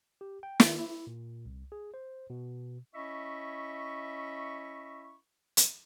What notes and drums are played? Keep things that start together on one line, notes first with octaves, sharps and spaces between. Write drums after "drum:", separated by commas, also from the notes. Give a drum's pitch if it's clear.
G4
G5
D#3, drum: snare
E4
A#2
C2
G#4
C5
B2
C#4 E4 D#5 E5 B5 C#6
drum: hi-hat